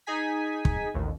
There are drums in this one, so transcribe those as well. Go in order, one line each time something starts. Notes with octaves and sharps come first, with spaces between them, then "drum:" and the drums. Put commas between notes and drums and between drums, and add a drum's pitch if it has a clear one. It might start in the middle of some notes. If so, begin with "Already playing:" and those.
D#4 G#4 G#5 B6
drum: kick
A1 D#2